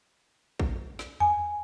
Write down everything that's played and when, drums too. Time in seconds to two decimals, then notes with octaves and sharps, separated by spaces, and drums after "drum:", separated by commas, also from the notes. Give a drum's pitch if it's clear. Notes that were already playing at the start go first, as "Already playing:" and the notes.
0.60 drum: kick
0.99 drum: snare
1.20 G#5, drum: tom E2